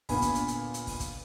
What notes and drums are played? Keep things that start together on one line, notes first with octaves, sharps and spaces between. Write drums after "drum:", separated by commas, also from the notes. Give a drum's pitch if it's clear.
A#2 D3 B3 G#5 B5, drum: kick, open hi-hat
drum: kick, hi-hat
drum: hi-hat
drum: hi-hat
drum: hi-hat
drum: kick, open hi-hat
drum: kick, hi-hat